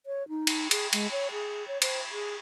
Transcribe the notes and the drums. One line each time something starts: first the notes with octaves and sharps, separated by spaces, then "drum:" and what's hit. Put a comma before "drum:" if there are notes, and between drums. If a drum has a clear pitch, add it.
C#5
D#4
drum: cymbal
G#4, drum: cymbal
G#3, drum: cymbal
C#5
G#4
C#5
C5, drum: cymbal
G#4